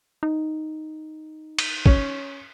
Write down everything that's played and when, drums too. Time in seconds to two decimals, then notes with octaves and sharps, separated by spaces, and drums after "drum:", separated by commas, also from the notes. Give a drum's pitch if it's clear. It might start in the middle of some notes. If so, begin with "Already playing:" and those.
0.23 D#4
1.59 drum: cymbal
1.86 C#4, drum: kick